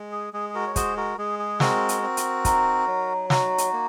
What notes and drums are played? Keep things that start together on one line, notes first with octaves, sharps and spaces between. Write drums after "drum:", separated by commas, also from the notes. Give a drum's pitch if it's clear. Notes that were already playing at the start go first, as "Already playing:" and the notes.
Already playing: G#3
G#4
G#3 G#4
G#4
F#4 A#4
C#5
F#4 G#4 C5, drum: kick, hi-hat
F#4 A#4
G#3 G#4
G#4
C4 F#4 A#4, drum: snare
drum: hi-hat
C4
drum: hi-hat
D#4, drum: kick, hi-hat
F#3
D#4 F#4, drum: snare
drum: hi-hat
A#3